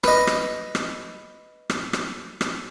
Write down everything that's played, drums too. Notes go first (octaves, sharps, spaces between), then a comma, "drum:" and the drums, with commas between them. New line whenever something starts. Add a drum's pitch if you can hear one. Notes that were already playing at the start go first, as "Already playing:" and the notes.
B4 D#5, drum: rim click
drum: rim click
drum: rim click
drum: rim click
drum: rim click
drum: rim click